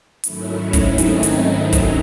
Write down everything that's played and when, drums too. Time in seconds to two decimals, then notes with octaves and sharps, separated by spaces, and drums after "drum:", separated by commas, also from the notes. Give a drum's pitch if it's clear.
0.24 G#2 D#3 F#3 A3 C#4 E4, drum: hi-hat
0.73 C4 D#4, drum: kick, hi-hat
0.98 drum: hi-hat
1.23 drum: hi-hat
1.72 drum: kick, hi-hat